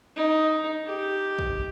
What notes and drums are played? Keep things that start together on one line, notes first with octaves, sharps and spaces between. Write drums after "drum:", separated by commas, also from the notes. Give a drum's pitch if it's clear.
D#4
G4
drum: kick